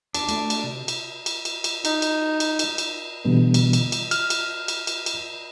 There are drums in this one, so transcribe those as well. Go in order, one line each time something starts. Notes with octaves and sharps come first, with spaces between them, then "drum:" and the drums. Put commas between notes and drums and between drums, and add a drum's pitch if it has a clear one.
D#2 D4, drum: cymbal
A3, drum: cymbal
drum: cymbal
C3
drum: cymbal
drum: cymbal
drum: cymbal
drum: cymbal
D#4, drum: cymbal
drum: cymbal
drum: cymbal
drum: cymbal
drum: cymbal
B2 D3 E3 G3 B3
drum: cymbal
drum: cymbal
drum: cymbal
F6, drum: cymbal
drum: cymbal
drum: cymbal
drum: cymbal
drum: cymbal